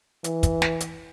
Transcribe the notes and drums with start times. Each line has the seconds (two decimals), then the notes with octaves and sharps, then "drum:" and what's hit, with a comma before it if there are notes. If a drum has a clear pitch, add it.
0.24 E3, drum: hi-hat
0.43 drum: kick, hi-hat
0.62 drum: snare
0.80 drum: hi-hat